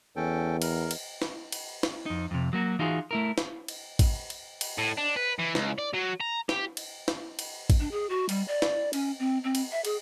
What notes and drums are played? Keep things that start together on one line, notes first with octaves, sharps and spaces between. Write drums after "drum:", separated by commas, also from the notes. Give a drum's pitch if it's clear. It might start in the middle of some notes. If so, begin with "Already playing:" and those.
E2 C#4 A4 G5
A#4, drum: cymbal
drum: cymbal
drum: snare
drum: cymbal
drum: snare
F2 D#4
F2 C3
F#3 A#3 F#4
E3 D#4 F4 F#4 G#4
A3 E4 A#4
drum: snare
drum: cymbal
drum: kick A1, cymbal
drum: cymbal
drum: cymbal
A2
D4
B4
E3
C#2, drum: snare
D5
F#3
A#5
G4, drum: snare
drum: cymbal
drum: snare
drum: cymbal
drum: kick A1, cymbal
D4
G#4
F#4
G3, drum: cymbal
D5
drum: snare
C#4, drum: cymbal
C4
C4
drum: cymbal
E5
G#4, drum: cymbal